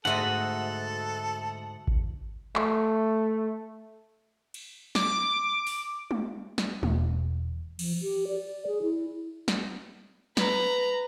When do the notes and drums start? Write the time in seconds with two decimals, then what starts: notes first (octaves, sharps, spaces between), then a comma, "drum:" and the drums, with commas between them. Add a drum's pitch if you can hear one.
0.05 D2 G#2 F#4 A4 D#5 E5 F#5
1.87 drum: kick G#1
2.56 A3, drum: clap
4.54 drum: cymbal
4.95 D6, drum: snare
5.67 drum: open hi-hat
6.11 drum: tom
6.58 drum: snare
6.83 E1, drum: tom
7.79 F3, drum: cymbal
8.02 G4
8.28 D5
8.67 G#4
8.82 E4
9.48 drum: snare
10.37 B4 A#5, drum: snare